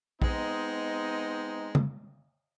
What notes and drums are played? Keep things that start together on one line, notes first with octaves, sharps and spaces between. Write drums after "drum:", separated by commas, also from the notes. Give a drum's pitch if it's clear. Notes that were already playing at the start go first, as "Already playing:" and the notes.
G#3 B3 C4 D#4, drum: kick A#1
drum: tom C#3